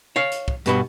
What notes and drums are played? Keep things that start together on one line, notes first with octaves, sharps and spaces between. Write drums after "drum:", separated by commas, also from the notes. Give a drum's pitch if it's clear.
C#5 F5
drum: hi-hat
drum: kick
G2 B2 B3, drum: hi-hat